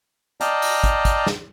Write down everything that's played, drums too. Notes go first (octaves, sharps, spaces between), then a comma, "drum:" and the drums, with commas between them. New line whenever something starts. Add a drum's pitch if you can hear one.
D5 D#5 F5 G5 A5 A#5, drum: hi-hat
drum: open hi-hat
drum: kick, hi-hat
drum: kick, hi-hat
drum: snare